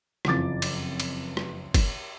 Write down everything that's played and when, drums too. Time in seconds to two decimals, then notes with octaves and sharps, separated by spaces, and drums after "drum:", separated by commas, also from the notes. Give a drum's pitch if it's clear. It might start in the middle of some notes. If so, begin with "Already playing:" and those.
0.25 F#1 F2 E3 F3 D6 A6, drum: rim click
0.62 drum: cymbal
1.00 drum: cymbal
1.37 drum: rim click
1.74 drum: kick, cymbal